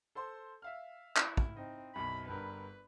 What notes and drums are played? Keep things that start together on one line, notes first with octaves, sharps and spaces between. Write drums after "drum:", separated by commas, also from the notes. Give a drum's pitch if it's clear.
A4 C5 C6
E5 F5 F6
E4, drum: clap
drum: kick
C4 D#4
B1 F#2 B5
G1 G2 A#4 B4